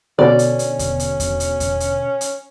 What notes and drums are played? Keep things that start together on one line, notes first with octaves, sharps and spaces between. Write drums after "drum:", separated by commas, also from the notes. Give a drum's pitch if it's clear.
B2 D3 C#4 D5
drum: hi-hat
drum: hi-hat
drum: kick E2, hi-hat
drum: hi-hat
drum: kick E2, hi-hat
drum: hi-hat
drum: kick E2, hi-hat
drum: hi-hat
drum: hi-hat